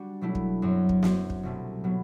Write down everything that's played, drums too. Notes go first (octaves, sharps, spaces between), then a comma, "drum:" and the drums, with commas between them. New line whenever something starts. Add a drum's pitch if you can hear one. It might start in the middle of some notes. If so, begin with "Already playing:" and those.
Already playing: G3 D4 F#4
B2 F#3 A3 E4
drum: kick
F#2 F#3 C4
drum: kick
F#2 F#3 C4, drum: snare
drum: kick
C2 B2 A3
B2 F#3 B3